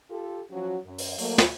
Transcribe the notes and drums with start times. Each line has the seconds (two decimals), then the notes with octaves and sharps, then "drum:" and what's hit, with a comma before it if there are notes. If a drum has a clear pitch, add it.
0.10 F4 G4 A4
0.50 F3 F#3 C#4 F#4
0.84 F#2
0.98 drum: open hi-hat
1.18 F#3 A3 A#3, drum: open hi-hat
1.38 drum: snare